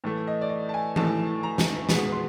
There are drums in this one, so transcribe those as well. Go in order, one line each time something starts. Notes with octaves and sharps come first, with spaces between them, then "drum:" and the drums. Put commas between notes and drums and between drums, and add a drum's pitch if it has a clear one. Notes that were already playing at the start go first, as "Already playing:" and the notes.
A2 E3 A3
D#5
D5
D#5
A5
G#5
A2 E3 A3 A5, drum: tom E3
A#5
drum: snare
B2 G#3 B3, drum: snare
C6